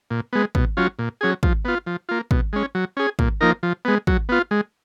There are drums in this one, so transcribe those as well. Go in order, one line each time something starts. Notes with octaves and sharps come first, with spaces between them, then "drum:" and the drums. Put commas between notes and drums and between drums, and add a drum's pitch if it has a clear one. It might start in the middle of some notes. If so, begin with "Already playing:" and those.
A#2
G#3 B3
B2, drum: kick
F#3 C#4 F4
A#2
F#3 C#4 G#4
F3, drum: kick
B3 F4
F3
A#3 F4
B2, drum: kick
G#3 C#4
F#3
C#4 G#4
A#2, drum: kick
F3 A#3 D#4 A#4
F3
G#3 B3
F#3, drum: kick
B3 F4
G#3